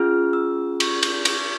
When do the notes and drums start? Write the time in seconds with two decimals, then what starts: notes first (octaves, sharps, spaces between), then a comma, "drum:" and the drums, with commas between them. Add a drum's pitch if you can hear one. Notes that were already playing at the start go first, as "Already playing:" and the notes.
Already playing: C#4 F4 G#4 F6
0.33 E6
0.80 C#6, drum: cymbal
1.03 drum: cymbal
1.25 C#6, drum: cymbal